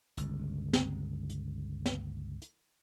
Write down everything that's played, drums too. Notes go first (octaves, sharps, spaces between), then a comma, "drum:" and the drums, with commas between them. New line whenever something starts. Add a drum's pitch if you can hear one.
G1 C#2, drum: hi-hat
drum: snare
drum: hi-hat
drum: snare
drum: hi-hat